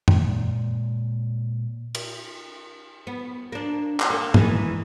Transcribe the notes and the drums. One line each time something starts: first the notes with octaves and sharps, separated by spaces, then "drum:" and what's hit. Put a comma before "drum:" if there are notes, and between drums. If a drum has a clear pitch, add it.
A#2 G#3, drum: tom F#2
drum: cymbal
B3
A#3 D4
drum: clap
A#3 A4
D#3 E3 G#3, drum: tom G2